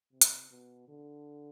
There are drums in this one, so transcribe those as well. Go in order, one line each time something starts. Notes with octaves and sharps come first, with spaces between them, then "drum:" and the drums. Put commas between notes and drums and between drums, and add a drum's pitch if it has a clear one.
C3
drum: hi-hat
B2
D3